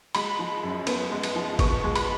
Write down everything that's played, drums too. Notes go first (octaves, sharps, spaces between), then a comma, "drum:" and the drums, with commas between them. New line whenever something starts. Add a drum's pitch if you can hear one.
G#3 B5, drum: cymbal
F3
F#2
B3, drum: cymbal
G#3
drum: cymbal
F3
B3 C#6, drum: kick, cymbal
G#3
B5, drum: cymbal